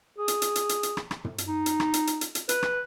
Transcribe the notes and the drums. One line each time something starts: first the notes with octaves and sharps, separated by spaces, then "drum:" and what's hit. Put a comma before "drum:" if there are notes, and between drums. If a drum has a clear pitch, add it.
G#4
drum: hi-hat
drum: hi-hat
drum: hi-hat
drum: hi-hat
drum: hi-hat
drum: rim click
drum: rim click
drum: tom
drum: hi-hat
D#4
drum: hi-hat
drum: rim click
drum: hi-hat
drum: hi-hat
drum: hi-hat
drum: hi-hat
B4, drum: hi-hat
drum: rim click